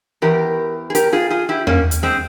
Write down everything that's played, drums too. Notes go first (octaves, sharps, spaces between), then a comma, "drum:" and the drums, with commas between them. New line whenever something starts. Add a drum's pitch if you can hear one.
E2 C3 E3 G4 A#4
G#4
G4 A#4, drum: hi-hat
F4 G#4
F4 G#4
E4 G4
A#3 C#4, drum: tom E2
drum: hi-hat
G#3 C4